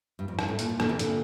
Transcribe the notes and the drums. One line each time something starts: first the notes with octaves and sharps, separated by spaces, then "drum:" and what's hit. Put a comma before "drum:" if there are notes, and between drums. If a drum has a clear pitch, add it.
G2
F2
G2, drum: rim click
A2
A#2, drum: hi-hat
A#2
A#2 D3, drum: rim click
C3 E3
A#2 D3, drum: hi-hat